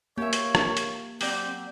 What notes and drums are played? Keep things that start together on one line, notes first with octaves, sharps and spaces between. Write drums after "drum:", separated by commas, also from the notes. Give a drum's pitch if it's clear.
A#3 G4 A#4 C#5 E5
drum: hi-hat
drum: rim click
drum: hi-hat
F#3 C4 G4 D5, drum: open hi-hat